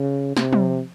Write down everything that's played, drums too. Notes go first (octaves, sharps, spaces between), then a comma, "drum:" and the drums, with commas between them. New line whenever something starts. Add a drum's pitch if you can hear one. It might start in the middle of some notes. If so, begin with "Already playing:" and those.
Already playing: C#3
C3, drum: snare
drum: tom